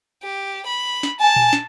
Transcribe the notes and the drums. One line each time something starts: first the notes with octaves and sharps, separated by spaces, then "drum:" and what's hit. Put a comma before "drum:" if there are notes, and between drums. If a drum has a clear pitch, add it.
G4
B5
drum: snare
G#5 A5
drum: tom A#2
drum: snare